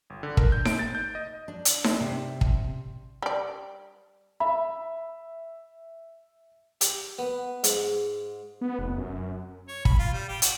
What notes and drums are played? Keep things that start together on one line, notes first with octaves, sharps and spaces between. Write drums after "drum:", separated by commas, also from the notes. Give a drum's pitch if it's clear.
G1
D3
A#4, drum: kick
G6
D7, drum: snare D#4
A6
G6
D#5
D4
drum: hi-hat
drum: snare D#4
C3
drum: kick
G3 D5
E5 B5
G4, drum: hi-hat
B3
G#2, drum: hi-hat
B3
F1
F#2
C#5
B5, drum: kick
F4
G3
G4
F#4, drum: hi-hat